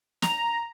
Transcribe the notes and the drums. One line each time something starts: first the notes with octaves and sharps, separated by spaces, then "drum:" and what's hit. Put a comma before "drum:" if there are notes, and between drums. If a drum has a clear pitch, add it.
A#5, drum: snare